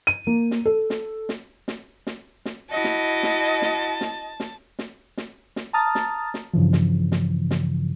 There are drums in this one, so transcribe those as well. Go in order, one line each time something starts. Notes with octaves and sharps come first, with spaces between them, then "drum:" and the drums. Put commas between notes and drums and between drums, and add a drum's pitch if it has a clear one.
D#7
A#3
drum: snare
A4
drum: snare
drum: snare
drum: snare
drum: snare
drum: snare
E4 F#4 D#5 A5
drum: snare
drum: snare
drum: snare
drum: snare
drum: snare
drum: snare
drum: snare
drum: snare
A5 A#5 D#6 F6 A6
drum: snare
drum: snare
G2 C#3 E3 F3
drum: snare
drum: snare
drum: snare